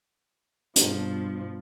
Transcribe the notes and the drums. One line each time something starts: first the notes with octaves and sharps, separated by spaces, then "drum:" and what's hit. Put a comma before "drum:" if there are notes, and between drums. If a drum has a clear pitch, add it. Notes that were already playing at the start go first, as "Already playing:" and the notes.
G2 B2 F3, drum: hi-hat